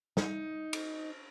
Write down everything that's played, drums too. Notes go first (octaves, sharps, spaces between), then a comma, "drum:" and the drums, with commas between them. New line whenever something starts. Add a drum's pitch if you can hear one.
D#4, drum: snare
drum: cymbal